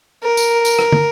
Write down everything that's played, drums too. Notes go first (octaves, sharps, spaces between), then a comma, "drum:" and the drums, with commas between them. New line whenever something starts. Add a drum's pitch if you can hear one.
A#4
drum: tambourine
drum: tambourine
drum: rim click
drum: tom